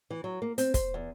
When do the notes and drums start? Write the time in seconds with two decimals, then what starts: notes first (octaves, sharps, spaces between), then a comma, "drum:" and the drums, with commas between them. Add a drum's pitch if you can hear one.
0.10 E3
0.24 F#3
0.42 A#3
0.58 C4, drum: hi-hat
0.74 C5, drum: kick, hi-hat
0.94 E2